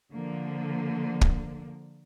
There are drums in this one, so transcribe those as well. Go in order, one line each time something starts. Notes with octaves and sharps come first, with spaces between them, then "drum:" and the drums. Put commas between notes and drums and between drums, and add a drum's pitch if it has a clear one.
D3 F3 A#3
drum: kick